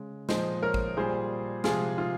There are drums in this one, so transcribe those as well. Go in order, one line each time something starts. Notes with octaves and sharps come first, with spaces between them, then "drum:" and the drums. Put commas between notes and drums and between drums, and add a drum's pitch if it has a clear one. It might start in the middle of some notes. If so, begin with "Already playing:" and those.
Already playing: C#3 G#3
A#2 F3 G#3 C5 D#5, drum: snare
A#4 C#5
drum: kick
A#2 G3 G#4 C5
C3 F3 G#3 F4 G#4, drum: snare
F4